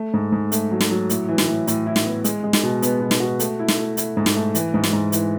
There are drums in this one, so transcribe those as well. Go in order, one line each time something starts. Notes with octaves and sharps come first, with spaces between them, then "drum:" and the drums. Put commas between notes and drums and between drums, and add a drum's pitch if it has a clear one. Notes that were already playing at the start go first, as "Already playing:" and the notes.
Already playing: A3
G#2
G#2
A3, drum: hi-hat
F#3
drum: snare
F#3
A2, drum: hi-hat
E3
drum: snare
A2
A2, drum: hi-hat
E4
drum: snare
B3
G#3, drum: hi-hat
G#3
drum: snare
B2
B3, drum: hi-hat
B2
drum: snare
F#4
A3, drum: hi-hat
E4
drum: snare
A3
E4, drum: hi-hat
G#2
drum: snare
A3
E3, drum: hi-hat
G#2
drum: snare
G#2
E3, drum: hi-hat